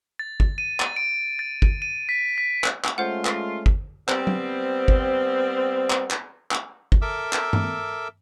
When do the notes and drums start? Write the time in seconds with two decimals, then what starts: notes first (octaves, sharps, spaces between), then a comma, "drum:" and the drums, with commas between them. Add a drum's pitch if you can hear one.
0.19 A6
0.40 drum: kick
0.58 D#7
0.80 A6, drum: clap
0.96 D7
1.39 A6
1.62 drum: kick
1.82 D#7
2.09 B6
2.38 B6
2.64 drum: clap
2.84 drum: clap
2.98 G#3 A3 C#4 F4 C5 F#5
3.25 drum: clap
3.66 drum: kick
4.08 G3 B3 C4, drum: clap
4.27 drum: tom F#3
4.88 drum: kick
5.90 drum: clap
6.10 drum: clap
6.51 drum: clap
6.92 drum: kick
7.01 A4 A#4 E5 D6 E6
7.33 drum: clap
7.53 drum: tom G2